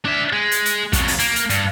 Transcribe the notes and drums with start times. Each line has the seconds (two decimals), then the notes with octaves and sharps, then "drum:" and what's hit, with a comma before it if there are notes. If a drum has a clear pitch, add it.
0.05 D4 E5
0.33 G#3
0.52 drum: hi-hat
0.66 drum: hi-hat
0.93 F2 F#3, drum: kick, hi-hat
1.08 drum: open hi-hat
1.19 A#3, drum: hi-hat
1.36 drum: hi-hat
1.50 G2, drum: hi-hat